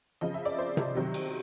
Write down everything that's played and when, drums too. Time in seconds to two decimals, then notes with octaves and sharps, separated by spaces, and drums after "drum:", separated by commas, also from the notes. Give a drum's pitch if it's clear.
0.21 C#3 F3 D#5
0.34 E5
0.45 D5
0.59 C5
0.77 drum: tom C3
0.95 C3 D#3 F#3
1.14 drum: cymbal